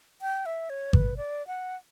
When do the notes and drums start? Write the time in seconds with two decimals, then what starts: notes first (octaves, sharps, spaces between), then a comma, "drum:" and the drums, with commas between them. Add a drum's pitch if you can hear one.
0.22 G5
0.46 E5
0.70 C#5
0.93 B4, drum: kick G#1
1.17 D5
1.47 F#5